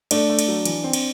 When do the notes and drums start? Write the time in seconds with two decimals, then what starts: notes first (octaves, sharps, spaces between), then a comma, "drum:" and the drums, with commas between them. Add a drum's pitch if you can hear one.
0.11 A3 D4, drum: cymbal
0.29 A3
0.39 drum: cymbal
0.48 F#3
0.65 E3, drum: cymbal
0.84 C4
0.93 drum: cymbal